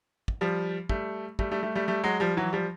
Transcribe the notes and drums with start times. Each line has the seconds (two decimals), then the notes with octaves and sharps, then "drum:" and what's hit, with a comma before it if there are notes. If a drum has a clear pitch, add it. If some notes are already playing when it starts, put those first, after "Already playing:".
0.28 drum: kick
0.41 F3 G3
0.89 G3 A3, drum: kick
1.39 G3 A3, drum: kick
1.51 G3 A3
1.63 G3 A3
1.75 G3 A3
1.88 G3 A3
2.04 F#3 G#3
2.20 F3 G3
2.37 E3 F#3
2.53 F3 G3